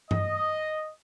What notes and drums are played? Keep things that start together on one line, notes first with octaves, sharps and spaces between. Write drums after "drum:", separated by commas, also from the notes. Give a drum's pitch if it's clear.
D#5, drum: tom G2